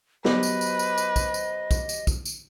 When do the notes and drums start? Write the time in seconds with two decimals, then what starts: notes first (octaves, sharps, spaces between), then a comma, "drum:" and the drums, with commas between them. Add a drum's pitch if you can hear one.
0.25 F#3 B3 G4 B4 C5 D#5, drum: snare
0.43 drum: tambourine
0.61 drum: tambourine
0.79 drum: tambourine
0.98 drum: tambourine
1.16 drum: kick, tambourine
1.34 drum: tambourine
1.71 drum: kick, tambourine
1.89 drum: tambourine
2.07 drum: kick, tambourine
2.25 drum: tambourine